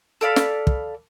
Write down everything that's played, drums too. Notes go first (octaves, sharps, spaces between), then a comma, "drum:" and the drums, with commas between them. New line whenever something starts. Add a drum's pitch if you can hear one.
A4 D5 F5 B5
drum: snare
drum: kick